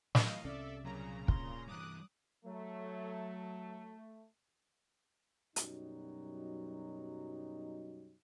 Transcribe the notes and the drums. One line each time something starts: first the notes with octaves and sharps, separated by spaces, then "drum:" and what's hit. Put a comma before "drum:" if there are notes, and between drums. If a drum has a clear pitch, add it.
A2 F#3 D#5 F5, drum: snare
C2 C3 C#4 A4 D5 E5
A#2 C#3 F#3 A#5
C6, drum: kick
G2 E3 D6 D#6 F#6
F#3 A3
F#2 B2 F#3 G3 D#4, drum: hi-hat